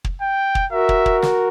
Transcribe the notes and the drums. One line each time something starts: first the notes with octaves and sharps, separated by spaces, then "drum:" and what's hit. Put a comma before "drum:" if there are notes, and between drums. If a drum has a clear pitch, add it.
drum: kick
G5
drum: kick
F#4 A#4 E5
drum: kick
drum: kick
drum: snare